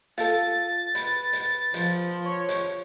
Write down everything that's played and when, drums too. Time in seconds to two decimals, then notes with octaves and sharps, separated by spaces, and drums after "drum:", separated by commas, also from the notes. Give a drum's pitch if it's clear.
0.18 F4 A4 A6, drum: hi-hat
0.95 B4, drum: hi-hat
1.33 drum: hi-hat
1.74 F3, drum: hi-hat
2.25 C#5
2.49 drum: hi-hat